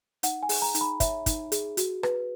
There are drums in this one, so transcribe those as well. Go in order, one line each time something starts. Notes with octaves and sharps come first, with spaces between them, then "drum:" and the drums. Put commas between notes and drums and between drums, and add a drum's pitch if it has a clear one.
D#4 F#5, drum: hi-hat
G#5
G#4, drum: open hi-hat
A#5
D#4, drum: hi-hat
B5
C#5 E5, drum: kick, hi-hat
D#4, drum: kick, hi-hat
G#4, drum: hi-hat
F#4, drum: hi-hat
B4, drum: rim click